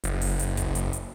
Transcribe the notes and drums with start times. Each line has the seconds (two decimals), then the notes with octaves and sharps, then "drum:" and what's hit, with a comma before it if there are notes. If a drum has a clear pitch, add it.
0.04 F#1, drum: hi-hat
0.21 drum: open hi-hat
0.39 drum: hi-hat
0.57 drum: kick, hi-hat
0.75 drum: hi-hat
0.93 drum: hi-hat